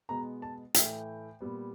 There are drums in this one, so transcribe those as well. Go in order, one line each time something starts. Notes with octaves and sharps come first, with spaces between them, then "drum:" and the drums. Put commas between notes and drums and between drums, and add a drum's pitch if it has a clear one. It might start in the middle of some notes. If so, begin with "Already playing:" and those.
B2 G#3 B3 A#5
A5
A2 E3 A3 G5, drum: hi-hat
A#2 G3 B3